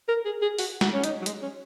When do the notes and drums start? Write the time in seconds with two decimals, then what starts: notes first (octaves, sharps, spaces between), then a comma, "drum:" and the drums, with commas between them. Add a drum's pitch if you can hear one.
0.08 A#4
0.25 G#4
0.42 G#4
0.59 F#4, drum: open hi-hat
0.81 F#4, drum: snare
0.93 C#4
1.04 D#4, drum: hi-hat
1.22 F#3
1.26 G#3, drum: hi-hat
1.42 C#4